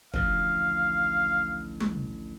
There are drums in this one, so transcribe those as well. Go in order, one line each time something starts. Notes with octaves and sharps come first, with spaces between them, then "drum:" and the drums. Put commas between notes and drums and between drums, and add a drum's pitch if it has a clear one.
A1 D2 F3 F5, drum: kick
drum: tom